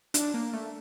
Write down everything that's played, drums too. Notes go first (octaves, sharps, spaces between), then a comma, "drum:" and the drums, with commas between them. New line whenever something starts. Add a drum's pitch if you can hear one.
D4, drum: hi-hat
A#3
A3